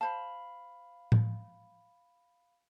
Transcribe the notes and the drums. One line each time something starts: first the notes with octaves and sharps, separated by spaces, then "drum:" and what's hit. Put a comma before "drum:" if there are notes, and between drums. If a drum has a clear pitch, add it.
C5 F5 A5 B5
drum: tom A2